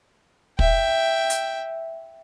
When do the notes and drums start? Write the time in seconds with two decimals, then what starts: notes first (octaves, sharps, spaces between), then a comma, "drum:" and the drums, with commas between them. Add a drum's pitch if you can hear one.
0.59 E5 G5, drum: kick
1.30 drum: hi-hat